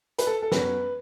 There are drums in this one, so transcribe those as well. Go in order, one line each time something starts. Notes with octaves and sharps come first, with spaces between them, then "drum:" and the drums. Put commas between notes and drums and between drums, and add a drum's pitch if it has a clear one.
B4, drum: hi-hat
A4
A4
F#2 F#3 B3 B4, drum: snare